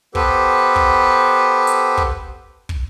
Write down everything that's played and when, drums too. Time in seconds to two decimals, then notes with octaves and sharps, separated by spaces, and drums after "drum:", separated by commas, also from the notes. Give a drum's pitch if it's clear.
0.15 B3 G4 A4 B4 C5, drum: kick
0.76 drum: kick
1.67 drum: hi-hat
1.97 drum: kick
2.69 drum: kick